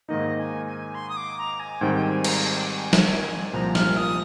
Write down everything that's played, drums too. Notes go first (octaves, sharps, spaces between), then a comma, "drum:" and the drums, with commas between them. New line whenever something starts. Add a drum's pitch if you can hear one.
G#2 D#3 A#3 D#4 D#5
G#5
G#5
C6
D#6
D6
A#5
G#5
G#2 D#3 G3 C4 G5
G5
G#5
A#5, drum: cymbal
G#5
G5
G#5
drum: snare
C2 A#2 F3 A#5
F6, drum: snare
D#6